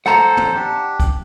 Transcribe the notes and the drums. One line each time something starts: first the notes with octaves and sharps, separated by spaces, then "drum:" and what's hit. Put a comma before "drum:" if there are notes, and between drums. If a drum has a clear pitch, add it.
A4 C5 F#5 A#5, drum: snare
drum: tom
D4 G4
drum: kick, hi-hat